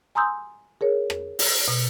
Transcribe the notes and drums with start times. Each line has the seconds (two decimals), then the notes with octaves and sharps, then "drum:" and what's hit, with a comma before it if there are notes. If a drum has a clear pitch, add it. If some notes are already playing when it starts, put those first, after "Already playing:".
0.15 G#5 A#5 C6 D#6 E6 G6
0.81 G#4 A#4 C#5
1.10 drum: rim click
1.39 drum: open hi-hat
1.68 B2